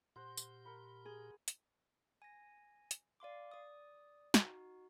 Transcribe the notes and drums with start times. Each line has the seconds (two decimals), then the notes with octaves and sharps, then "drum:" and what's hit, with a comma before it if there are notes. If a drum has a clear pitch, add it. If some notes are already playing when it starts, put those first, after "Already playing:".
0.16 A#2 G4 C5 F#5
0.37 drum: tambourine
0.65 A#4 F#5 B5
1.05 G#4
1.48 drum: hi-hat
2.22 G#5 A#6
2.91 drum: hi-hat
3.20 D5 F5 C6 D6
3.52 D5 D#6
4.34 D#4 F#4, drum: snare